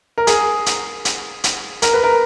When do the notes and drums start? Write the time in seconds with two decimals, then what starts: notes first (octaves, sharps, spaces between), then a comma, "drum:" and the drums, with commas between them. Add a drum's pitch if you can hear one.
0.18 A#4
0.27 G#4, drum: hi-hat
0.66 drum: hi-hat
1.05 drum: hi-hat
1.44 drum: hi-hat
1.82 A#4, drum: hi-hat
1.94 B4
2.03 A#4